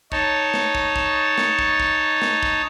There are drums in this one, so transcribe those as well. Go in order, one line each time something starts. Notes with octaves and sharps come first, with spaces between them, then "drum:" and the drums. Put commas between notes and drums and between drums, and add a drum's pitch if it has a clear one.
D#4 C#5 A5, drum: kick
drum: snare
drum: kick
drum: kick
drum: snare
drum: kick
drum: kick
drum: snare
drum: kick